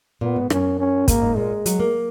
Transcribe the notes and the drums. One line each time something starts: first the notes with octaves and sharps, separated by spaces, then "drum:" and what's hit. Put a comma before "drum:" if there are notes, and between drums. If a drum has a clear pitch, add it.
A#2 B3
G#2
F#2 C#4, drum: rim click
C#4
G#2 A#3, drum: kick, hi-hat
G#2
A#2 G#3
F#3, drum: hi-hat
A#3